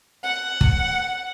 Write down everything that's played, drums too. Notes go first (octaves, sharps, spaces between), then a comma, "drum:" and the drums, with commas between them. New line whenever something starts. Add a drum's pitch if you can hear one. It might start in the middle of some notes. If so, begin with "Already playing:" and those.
F#5
drum: kick